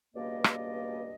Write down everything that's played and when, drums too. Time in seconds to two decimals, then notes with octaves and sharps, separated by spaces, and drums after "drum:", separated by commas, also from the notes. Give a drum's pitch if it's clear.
0.15 C#2 G2 B2 A#3 D5 D#5
0.44 drum: rim click